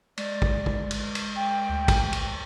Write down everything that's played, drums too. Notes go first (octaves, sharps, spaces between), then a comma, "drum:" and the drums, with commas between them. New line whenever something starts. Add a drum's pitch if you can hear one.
G#3 D5, drum: cymbal
drum: kick
drum: kick
drum: cymbal
drum: cymbal
G5
D2
drum: kick, cymbal
drum: cymbal